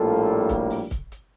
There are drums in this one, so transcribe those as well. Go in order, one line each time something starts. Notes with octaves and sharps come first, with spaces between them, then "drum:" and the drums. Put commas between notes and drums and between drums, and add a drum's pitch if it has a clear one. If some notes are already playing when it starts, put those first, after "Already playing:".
Already playing: A#1 A2 G3 A#3 F4 A4
drum: kick, hi-hat
drum: open hi-hat
drum: kick, hi-hat
drum: hi-hat